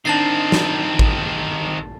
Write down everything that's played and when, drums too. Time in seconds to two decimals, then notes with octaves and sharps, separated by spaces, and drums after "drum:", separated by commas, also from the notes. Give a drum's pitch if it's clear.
0.05 D#3 C4 D4 D#4 A5 A6 C7
0.52 drum: snare
0.99 drum: kick A1